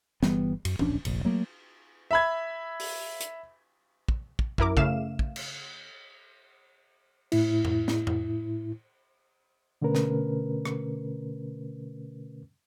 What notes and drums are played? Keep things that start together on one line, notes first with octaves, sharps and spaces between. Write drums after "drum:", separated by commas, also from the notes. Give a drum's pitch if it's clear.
G1 E3 G3 B3, drum: snare
F#2, drum: cymbal
D1 A#1 C#4 D4, drum: tom
F1 A#1, drum: cymbal
F#3 A3 A#3
E5 B5 G#6
drum: open hi-hat
drum: hi-hat
drum: kick
drum: kick
F#2 E4 A#4 D6, drum: kick
C#3 A3 E5 F5 E7, drum: kick
drum: kick
drum: cymbal
A2 E4, drum: cymbal
drum: tom F2
drum: snare
drum: tom F2
B2 D3 A3 C#4 A#4 B4
drum: snare
drum: rim click